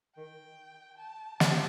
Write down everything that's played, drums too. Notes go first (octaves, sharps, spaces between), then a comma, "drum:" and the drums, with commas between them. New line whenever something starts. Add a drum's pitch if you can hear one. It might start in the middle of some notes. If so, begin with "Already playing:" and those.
D#3 G5
A5
C3, drum: snare